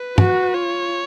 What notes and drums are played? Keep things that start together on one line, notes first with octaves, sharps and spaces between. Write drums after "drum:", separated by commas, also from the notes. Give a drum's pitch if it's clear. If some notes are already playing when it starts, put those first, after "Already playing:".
Already playing: B4
F#4, drum: tom
F4 C#5